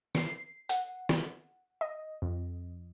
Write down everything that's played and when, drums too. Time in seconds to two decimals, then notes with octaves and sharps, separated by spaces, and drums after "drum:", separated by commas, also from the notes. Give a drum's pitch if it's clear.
0.15 C7, drum: snare
0.69 F#5, drum: hi-hat
1.09 drum: snare
1.81 D#5
2.22 F2